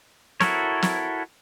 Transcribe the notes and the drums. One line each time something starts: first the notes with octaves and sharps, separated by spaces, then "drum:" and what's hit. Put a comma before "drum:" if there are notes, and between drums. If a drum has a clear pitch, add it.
E4 F#4 A4 A#4 C#5, drum: snare
drum: snare